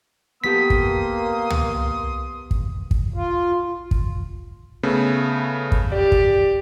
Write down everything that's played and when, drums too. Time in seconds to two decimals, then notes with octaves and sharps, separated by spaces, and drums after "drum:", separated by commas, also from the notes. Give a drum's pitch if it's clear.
0.44 A#3 B3 G4 A4 C6 D#6 B6
0.70 drum: kick
1.50 drum: tom
2.51 drum: kick
2.91 drum: kick
3.14 F4
3.91 drum: kick
4.83 C#3 A3 B3
5.72 drum: kick
5.92 G4 D5
6.12 drum: kick